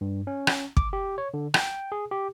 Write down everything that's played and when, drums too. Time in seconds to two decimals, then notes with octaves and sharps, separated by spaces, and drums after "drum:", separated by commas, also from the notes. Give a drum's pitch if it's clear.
0.01 G2
0.27 C#4
0.47 drum: rim click
0.77 D6, drum: kick
0.93 G4
1.18 C#5
1.34 D3
1.54 G5, drum: rim click
1.92 G#4
2.11 G4